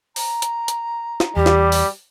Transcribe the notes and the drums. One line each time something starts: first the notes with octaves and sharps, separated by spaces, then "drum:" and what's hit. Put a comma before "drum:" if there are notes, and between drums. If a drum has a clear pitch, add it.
A#5, drum: open hi-hat
drum: hi-hat
drum: hi-hat
drum: snare
E2 G3 G4
drum: snare
drum: open hi-hat